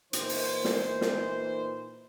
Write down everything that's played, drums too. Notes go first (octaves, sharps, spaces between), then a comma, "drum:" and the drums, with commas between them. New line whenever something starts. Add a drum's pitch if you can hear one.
A#2 E3 D#4 C5, drum: hi-hat
drum: open hi-hat
drum: snare
drum: snare